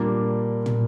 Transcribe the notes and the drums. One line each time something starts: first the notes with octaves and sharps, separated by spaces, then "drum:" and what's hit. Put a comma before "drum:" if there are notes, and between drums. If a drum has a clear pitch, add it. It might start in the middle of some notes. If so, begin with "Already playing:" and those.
Already playing: A#2 G3 A#3 D4
drum: tom